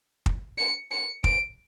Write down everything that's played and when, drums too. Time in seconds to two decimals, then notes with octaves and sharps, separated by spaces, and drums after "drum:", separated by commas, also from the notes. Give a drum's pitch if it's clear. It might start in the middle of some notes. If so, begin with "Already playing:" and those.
0.26 drum: kick
0.58 C#7
0.91 C#7
1.24 D7, drum: kick